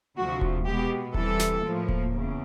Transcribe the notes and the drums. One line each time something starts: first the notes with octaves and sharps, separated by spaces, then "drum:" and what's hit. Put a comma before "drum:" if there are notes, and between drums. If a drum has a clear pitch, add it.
D2 C3 F3 F#4
drum: kick D#1
B2 G#3 B3 G4
C3 E3 G3 A4, drum: kick D#1
drum: snare
A2 F3 A#3
drum: kick D#1
E2 C#3